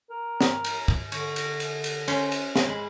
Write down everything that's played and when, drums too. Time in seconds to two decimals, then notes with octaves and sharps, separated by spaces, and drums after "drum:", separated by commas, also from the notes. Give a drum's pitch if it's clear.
0.10 A#4
0.41 drum: snare
0.64 drum: cymbal
0.88 drum: kick
1.12 D3 C#5, drum: cymbal
1.36 drum: cymbal
1.60 drum: cymbal
1.84 drum: cymbal
2.08 C#4 C5, drum: cymbal
2.32 drum: cymbal
2.56 drum: snare
2.66 G#3 B5